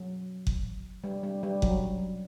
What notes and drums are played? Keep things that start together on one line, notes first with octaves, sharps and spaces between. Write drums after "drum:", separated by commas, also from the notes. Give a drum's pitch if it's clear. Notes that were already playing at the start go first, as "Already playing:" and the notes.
Already playing: F#3
drum: kick F#1
G3
G3
G3
F#3, drum: kick F#1